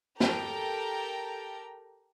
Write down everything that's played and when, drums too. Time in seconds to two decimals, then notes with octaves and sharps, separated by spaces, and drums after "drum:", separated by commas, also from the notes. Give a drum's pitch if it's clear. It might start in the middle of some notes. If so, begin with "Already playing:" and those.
0.20 G4 A4 A#4 G5 A#5, drum: snare